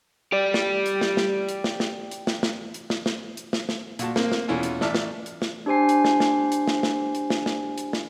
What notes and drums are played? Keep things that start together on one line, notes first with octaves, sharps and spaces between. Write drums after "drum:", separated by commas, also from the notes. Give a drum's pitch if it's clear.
G4 D5
drum: snare
drum: hi-hat
drum: snare
drum: snare
drum: hi-hat
drum: snare
drum: snare
drum: hi-hat
drum: snare
drum: snare
drum: hi-hat
drum: snare
drum: snare
drum: hi-hat
drum: snare
drum: snare
A#2 F#4 A5, drum: hi-hat
A#3 C4 A#4, drum: snare
drum: snare
E2 B2 C#4 E4 F4 G#5
drum: hi-hat
A1 D5 E5 A5 F6, drum: snare
drum: snare
drum: hi-hat
drum: snare
D4 G4 C5 G#5 C7
drum: hi-hat
drum: snare
drum: snare
drum: hi-hat
drum: snare
drum: snare
drum: hi-hat
drum: snare
drum: snare
drum: hi-hat
drum: snare